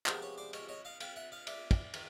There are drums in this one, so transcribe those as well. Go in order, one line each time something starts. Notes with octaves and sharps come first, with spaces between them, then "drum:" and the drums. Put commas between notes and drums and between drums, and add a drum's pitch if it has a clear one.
C3 F3 G#3 B3 A#4 C5, drum: clap
B4 C#5
C5 D5
C#5 D#5, drum: cymbal
C#5 D#5
D#5 F5
F5 G5, drum: cymbal
E5 F#5
D#5 F5
D5 E5, drum: cymbal
drum: kick, cymbal
D#3, drum: cymbal